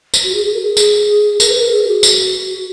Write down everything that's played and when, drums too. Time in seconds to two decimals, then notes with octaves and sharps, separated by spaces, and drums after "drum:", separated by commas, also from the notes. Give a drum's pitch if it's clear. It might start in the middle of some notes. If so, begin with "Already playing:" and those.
0.14 drum: tambourine
0.24 F#4
0.35 G#4
0.45 G#4
0.54 A#4
0.61 G#4
0.77 drum: tambourine
1.40 A#4, drum: tambourine
1.49 B4
1.58 A#4
1.71 G#4
1.87 F#4
2.03 drum: tambourine